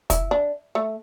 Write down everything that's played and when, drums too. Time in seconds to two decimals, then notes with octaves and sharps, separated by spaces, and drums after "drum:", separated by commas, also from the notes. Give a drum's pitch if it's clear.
0.10 E4, drum: kick, hi-hat
0.31 D4
0.75 A3